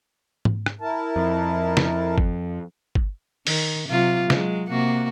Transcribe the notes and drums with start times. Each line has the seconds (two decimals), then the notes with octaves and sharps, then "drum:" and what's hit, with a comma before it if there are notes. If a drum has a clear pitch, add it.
0.45 drum: tom G#2
0.66 drum: rim click
0.81 E4 A#4 A5
1.16 F2
1.77 drum: snare
2.18 drum: kick G1
2.95 drum: kick G1
3.47 D#3, drum: open hi-hat
3.88 C3 F#3 F4
4.30 F#3 G#3, drum: snare
4.69 C3 A#3 F#4